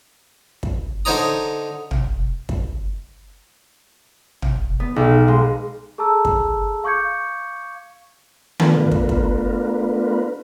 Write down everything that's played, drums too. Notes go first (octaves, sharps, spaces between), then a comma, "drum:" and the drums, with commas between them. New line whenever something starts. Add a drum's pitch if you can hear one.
drum: kick
D3 D#4 C5 C#5 A#5 D#6
drum: tom
drum: kick
drum: tom
B3
B1
F5
G#3
G#4 A4 A5 A#5 E6
drum: kick
F5 C#6 D6 G6 G#6 C#7
A3 B3 D4 F4 A#4 B4, drum: tom D#3
drum: kick
drum: kick